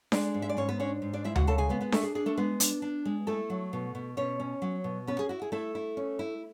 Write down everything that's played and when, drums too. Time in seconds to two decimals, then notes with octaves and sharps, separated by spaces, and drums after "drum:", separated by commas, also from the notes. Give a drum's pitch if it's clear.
0.12 G#3 D4 D5, drum: snare D4
0.34 G#2
0.42 E5
0.49 D5
0.57 G#2 C#4 C#5
0.69 B3 B4
0.80 C#4 D4 C#5
1.02 G#2
1.13 D4 D5
1.24 G#3 E4 E5
1.36 F#4 F#5, drum: tom D2
1.47 C#3 A4 A5
1.58 G#4 G#5
1.69 G#3 B3 B4
1.81 B3 B4
1.92 A3 D4 A4, drum: snare D4
2.03 G#4
2.15 D4 G#4
2.26 A3 A4
2.37 G#3 B3 B4
2.60 D4, drum: hi-hat
2.82 D4
3.05 G#3
3.27 A3 E4 A4
3.50 F#3
3.73 B2
3.95 B2
4.17 B2 C#4 C#5
4.40 C#4
4.62 F#3
4.84 B2
5.07 B3 C#4 B4
5.19 G#4
5.29 E4 F#4
5.42 G#4
5.52 A3 E4 A4
5.75 E4
5.97 C#4
6.19 E4